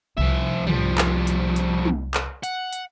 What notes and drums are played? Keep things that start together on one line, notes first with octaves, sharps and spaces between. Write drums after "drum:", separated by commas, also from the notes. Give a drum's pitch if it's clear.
C2 F3 E5
F3 G3, drum: tom
drum: clap
drum: hi-hat
drum: hi-hat
drum: tom
drum: clap
F#5, drum: hi-hat
drum: hi-hat